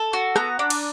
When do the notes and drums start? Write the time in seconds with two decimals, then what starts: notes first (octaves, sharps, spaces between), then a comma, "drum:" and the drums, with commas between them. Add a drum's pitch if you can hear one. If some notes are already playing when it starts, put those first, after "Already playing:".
Already playing: A4 A5
0.13 F#4
0.36 B3 A#5, drum: rim click
0.59 D4
0.70 drum: cymbal